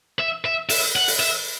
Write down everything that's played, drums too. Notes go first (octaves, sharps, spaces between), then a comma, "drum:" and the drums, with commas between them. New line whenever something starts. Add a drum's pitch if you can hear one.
E5
E5
E5, drum: open hi-hat
F#5
drum: open hi-hat
E5